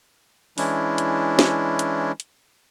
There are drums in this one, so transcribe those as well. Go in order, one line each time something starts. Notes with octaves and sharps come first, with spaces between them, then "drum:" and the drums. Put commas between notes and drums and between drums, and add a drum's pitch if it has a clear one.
E3 G#3 C#4 D4 E4, drum: open hi-hat
drum: hi-hat
drum: snare
drum: hi-hat
drum: hi-hat